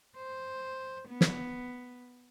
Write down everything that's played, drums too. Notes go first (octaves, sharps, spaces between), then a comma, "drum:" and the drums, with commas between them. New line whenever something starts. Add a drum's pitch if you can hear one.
C5
B3
drum: snare